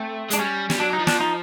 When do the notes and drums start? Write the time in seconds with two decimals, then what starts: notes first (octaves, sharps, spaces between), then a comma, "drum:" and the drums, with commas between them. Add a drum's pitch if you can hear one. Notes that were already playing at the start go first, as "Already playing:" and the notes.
Already playing: A3 C4
0.30 G#3 D4, drum: hi-hat
0.39 G3 C#4
0.70 G3, drum: snare
0.79 F#3 D4
0.93 D#4
0.99 F3
1.07 D4, drum: snare
1.20 D#4